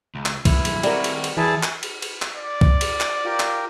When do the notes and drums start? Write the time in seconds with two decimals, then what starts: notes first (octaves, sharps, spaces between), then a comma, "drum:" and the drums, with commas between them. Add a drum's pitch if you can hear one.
0.15 C#2
0.26 drum: clap
0.45 B1 G2 E4, drum: kick C2, cymbal
0.65 drum: cymbal
0.83 G3 C4 F#4 A#4, drum: cymbal
1.04 drum: cymbal
1.24 drum: cymbal
1.37 E2 E3 E4 G#4 A5
1.63 drum: clap
1.83 drum: cymbal
2.02 drum: cymbal
2.22 drum: clap
2.37 D5
2.61 drum: kick C2
2.81 drum: cymbal
3.01 drum: clap
3.25 F4 G4 A#4
3.40 drum: clap